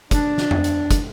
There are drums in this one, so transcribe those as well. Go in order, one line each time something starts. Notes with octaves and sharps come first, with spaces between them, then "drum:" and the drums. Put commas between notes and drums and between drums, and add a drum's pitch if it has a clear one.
D4, drum: kick, hi-hat
drum: snare
drum: tom F2
drum: hi-hat
drum: kick, hi-hat